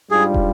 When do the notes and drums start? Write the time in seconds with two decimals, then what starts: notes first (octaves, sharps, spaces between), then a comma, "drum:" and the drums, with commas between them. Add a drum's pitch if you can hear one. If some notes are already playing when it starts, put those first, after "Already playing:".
0.10 G#2 G3 D4 F4 G#4
0.34 drum: kick